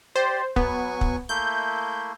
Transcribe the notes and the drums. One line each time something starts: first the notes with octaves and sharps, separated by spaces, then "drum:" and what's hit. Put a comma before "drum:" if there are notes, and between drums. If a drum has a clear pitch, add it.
G4 C5 D5
F#3 B3 G#5 C#6, drum: kick
drum: kick
A3 A#3 E4 G6